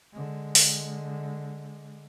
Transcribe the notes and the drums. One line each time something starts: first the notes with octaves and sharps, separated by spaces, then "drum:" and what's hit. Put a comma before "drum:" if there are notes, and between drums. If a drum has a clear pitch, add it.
D3 G#3
drum: open hi-hat